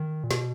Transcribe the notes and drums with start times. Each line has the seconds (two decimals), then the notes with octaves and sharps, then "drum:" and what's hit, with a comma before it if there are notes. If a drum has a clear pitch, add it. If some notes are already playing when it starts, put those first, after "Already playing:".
Already playing: D#3
0.24 A#2
0.31 B2, drum: snare